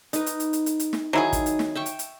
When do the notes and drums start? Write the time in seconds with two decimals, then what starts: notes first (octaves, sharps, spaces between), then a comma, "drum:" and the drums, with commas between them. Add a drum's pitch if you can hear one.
0.13 D#4 B4, drum: hi-hat
0.26 drum: hi-hat
0.40 drum: hi-hat
0.53 drum: hi-hat
0.66 drum: hi-hat
0.80 drum: hi-hat
0.93 drum: snare
1.13 D#3 F#3 E4 G#4
1.33 drum: kick, hi-hat
1.46 drum: hi-hat
1.59 drum: snare
1.75 E5 G5 C#6
1.86 drum: hi-hat
1.99 drum: hi-hat